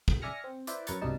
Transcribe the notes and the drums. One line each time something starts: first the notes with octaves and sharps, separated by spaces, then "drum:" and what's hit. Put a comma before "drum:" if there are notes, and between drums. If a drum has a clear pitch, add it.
drum: kick
D5 E5 G#5 F6 A#6 C#7
C4
E4 B4 C5 D5, drum: hi-hat
F#2 A#4 B4 C#5 C#6 A6, drum: hi-hat
C2 G2 B2 D4 D#4 A5